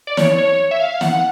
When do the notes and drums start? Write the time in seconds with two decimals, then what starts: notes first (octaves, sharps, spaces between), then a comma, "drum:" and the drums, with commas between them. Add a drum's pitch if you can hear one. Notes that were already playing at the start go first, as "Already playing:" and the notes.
0.07 D5
0.17 C#5, drum: snare
0.38 C#5
0.71 E5
0.80 F5
1.01 F#5, drum: snare